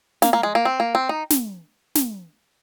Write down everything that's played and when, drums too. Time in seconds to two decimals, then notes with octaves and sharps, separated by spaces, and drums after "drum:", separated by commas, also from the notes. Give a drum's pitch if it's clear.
0.22 A#3, drum: snare
0.33 A#3
0.43 G#3
0.55 A#3
0.65 C4
0.80 A#3
0.95 C4
1.09 D#4
1.30 drum: snare
1.95 drum: snare